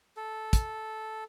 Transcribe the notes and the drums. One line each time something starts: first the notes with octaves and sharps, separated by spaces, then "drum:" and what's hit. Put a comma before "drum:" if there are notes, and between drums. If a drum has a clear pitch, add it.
A4
drum: kick, hi-hat